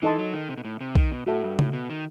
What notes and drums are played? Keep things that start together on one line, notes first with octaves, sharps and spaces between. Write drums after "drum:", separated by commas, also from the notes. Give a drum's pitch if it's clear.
E3 D#4 A4 D#5 A5 C6
F#3
D#3
C3
B2
A2
C3
D#3, drum: kick B1
B2
A2 F#4 A4 E5
G2
A2, drum: tom C#3
B2
D#3